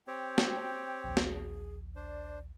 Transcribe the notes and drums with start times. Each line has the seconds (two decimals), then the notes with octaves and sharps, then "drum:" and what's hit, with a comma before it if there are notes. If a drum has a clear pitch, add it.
0.08 C4 G4 C#5 G5
0.38 drum: snare
1.04 A#1 D#2
1.17 drum: snare
1.26 G#4
1.96 D4 C5 D5